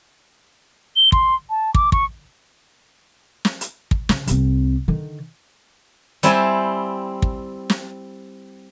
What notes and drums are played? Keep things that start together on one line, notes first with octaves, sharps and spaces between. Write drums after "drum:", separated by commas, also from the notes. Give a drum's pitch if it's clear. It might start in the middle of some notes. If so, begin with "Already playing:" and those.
G7
C6, drum: kick
A5
D6, drum: kick
C#6, drum: kick
drum: snare
drum: hi-hat
drum: kick
C#3, drum: snare
C2 C4, drum: hi-hat
D3 D#3
G3 C4 E4 G#5, drum: hi-hat
drum: kick
drum: snare